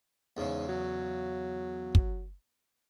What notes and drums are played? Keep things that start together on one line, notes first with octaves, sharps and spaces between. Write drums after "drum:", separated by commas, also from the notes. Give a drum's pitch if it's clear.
E2 G#2 C#3
F#3
drum: kick